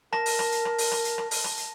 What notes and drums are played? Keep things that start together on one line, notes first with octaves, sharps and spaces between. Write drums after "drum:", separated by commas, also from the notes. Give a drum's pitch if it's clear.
A#4 A5 A#6, drum: rim click
drum: open hi-hat
drum: rim click
drum: hi-hat
drum: rim click
drum: open hi-hat
drum: rim click
drum: hi-hat
drum: rim click
drum: open hi-hat
drum: rim click
drum: hi-hat